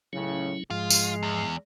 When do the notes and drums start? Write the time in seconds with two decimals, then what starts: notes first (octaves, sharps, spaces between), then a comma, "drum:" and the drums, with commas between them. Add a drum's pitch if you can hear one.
0.13 C#2 A2 C#3 F#3 C#4 E4
0.70 G#2 F3 G#3 F4
0.90 drum: tambourine
1.23 E2